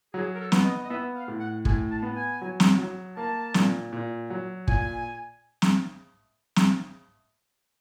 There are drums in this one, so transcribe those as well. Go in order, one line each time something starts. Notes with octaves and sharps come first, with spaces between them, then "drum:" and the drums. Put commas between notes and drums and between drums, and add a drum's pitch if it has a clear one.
F#3 G#4
A#4
A4
B3, drum: snare
D#5
D#5
B3 E5
F5
A2
F#5
A2 G#5, drum: kick
A5
B3
G#5
F#3
drum: snare
F#3
A#3 A5
A#2, drum: snare
A#2
F#3
A#2 G#5, drum: kick
drum: snare
drum: snare